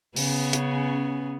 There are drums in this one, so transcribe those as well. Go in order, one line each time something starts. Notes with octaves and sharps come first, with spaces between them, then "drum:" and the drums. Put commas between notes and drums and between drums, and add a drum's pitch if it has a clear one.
C#3 B3 C#4, drum: open hi-hat
drum: hi-hat